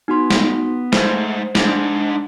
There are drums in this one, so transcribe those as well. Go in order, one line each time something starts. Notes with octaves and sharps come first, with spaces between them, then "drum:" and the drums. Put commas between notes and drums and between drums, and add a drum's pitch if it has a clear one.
B3 D#4 F#4 C6
drum: snare
G#2 A3 C5, drum: snare
G#2 D4, drum: snare